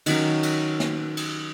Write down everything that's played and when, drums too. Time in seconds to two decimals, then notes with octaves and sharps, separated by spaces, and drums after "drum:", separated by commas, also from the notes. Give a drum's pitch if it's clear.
0.06 D#3 F#3 C#4, drum: cymbal
0.43 drum: cymbal
0.80 drum: snare
1.17 drum: cymbal